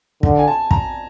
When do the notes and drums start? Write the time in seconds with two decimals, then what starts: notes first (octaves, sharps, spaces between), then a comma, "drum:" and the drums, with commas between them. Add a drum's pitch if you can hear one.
0.23 D3, drum: kick
0.39 G#5
0.48 A5
0.71 A#5, drum: kick